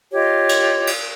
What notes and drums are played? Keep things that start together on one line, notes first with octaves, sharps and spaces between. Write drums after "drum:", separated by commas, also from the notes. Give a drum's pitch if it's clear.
F4 G4 C#5 D#5
drum: cymbal
drum: cymbal